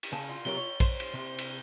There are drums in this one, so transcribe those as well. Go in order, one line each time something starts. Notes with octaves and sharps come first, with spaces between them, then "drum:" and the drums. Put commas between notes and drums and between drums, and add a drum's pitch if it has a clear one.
drum: cymbal
C#3 A5
F4
C3 F#3 A#4 G7
C#5
C5, drum: kick, cymbal
drum: cymbal
C3
drum: cymbal